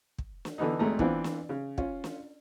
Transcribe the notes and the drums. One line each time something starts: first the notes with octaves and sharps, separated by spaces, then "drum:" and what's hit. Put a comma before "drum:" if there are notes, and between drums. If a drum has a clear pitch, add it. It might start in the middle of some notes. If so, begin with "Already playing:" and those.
drum: kick
drum: snare
D3 E3 B3 D#4
G#1 D2 G#3 A3 A#5
E3 B3 C4 D4 F4, drum: kick
drum: snare
C#3
C#4 F4, drum: kick
drum: snare